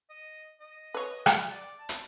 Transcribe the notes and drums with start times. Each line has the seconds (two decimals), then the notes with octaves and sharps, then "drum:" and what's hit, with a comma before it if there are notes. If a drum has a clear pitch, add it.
0.10 D#5
0.60 D#5
0.94 B4 C#5
1.26 drum: rim click
1.49 D5
1.79 A5
1.89 drum: hi-hat